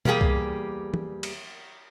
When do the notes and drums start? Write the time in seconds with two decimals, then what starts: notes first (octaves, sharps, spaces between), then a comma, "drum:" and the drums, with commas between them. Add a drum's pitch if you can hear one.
0.05 E2 G3 A#3 G4 G#4 G5, drum: tom
0.21 drum: kick C2
0.94 drum: tom
1.23 drum: cymbal